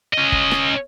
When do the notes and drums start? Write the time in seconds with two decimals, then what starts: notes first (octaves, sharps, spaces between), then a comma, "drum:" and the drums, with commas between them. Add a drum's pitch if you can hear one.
0.13 C#4 D#5
0.32 drum: kick
0.51 drum: rim click